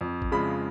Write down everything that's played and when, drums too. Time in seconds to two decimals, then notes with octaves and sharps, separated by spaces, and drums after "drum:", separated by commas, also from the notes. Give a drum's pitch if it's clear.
0.01 F2
0.22 drum: kick
0.32 C#3 F3 G#3 B5